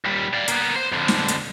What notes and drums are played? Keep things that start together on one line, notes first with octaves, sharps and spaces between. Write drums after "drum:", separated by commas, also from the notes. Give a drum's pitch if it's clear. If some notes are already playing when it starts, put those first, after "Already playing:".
D#2 G3
D5 F5
A#3 B3, drum: hi-hat
C5
F2 D3
drum: snare
drum: hi-hat